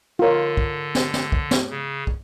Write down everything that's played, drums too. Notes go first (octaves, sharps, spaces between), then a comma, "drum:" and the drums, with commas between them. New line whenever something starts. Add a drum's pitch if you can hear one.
D3 F4 A#4 C#5
drum: kick
drum: snare
drum: snare
drum: kick
drum: snare
C#3
drum: kick